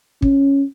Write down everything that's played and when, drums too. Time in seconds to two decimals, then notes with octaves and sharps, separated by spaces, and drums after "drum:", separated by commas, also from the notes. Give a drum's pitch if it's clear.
0.22 C#4, drum: kick